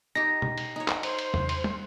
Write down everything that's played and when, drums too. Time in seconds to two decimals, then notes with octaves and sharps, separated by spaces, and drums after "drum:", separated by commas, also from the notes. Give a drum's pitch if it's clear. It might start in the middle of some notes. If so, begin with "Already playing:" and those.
0.15 D#4 G4 A#6
0.42 drum: tom B2
0.58 drum: cymbal
0.76 D#4 C#5
0.88 drum: clap
1.03 C5, drum: cymbal
1.19 drum: cymbal
1.34 drum: tom E2
1.49 drum: cymbal
1.64 drum: tom